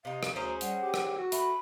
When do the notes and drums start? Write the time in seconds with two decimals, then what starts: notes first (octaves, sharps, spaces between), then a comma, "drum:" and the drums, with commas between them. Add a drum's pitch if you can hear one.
0.05 C3 D#4 F5
0.23 drum: rim click
0.36 D2 C#4 G#4 C5 A#5
0.61 G3 F#5, drum: hi-hat
0.82 G4
0.94 drum: rim click
1.18 F#4
1.32 A3 B5, drum: hi-hat